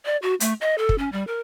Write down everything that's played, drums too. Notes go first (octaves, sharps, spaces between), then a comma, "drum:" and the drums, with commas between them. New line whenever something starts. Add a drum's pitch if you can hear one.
D5
F#4
A3, drum: hi-hat
D#5
A4
drum: kick
C#4
G3
A#4